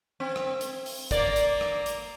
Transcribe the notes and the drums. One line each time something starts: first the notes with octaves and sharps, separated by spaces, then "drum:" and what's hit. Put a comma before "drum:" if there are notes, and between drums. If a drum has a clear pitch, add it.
C4
drum: rim click
drum: hi-hat
drum: open hi-hat
A#3 D5, drum: kick, hi-hat
drum: hi-hat
drum: rim click
drum: hi-hat